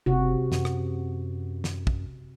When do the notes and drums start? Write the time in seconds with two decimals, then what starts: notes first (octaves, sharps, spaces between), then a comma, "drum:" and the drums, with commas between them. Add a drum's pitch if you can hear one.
0.06 F#1 C3 F#4
0.52 F#2, drum: snare
0.65 drum: rim click
1.64 drum: snare
1.87 drum: kick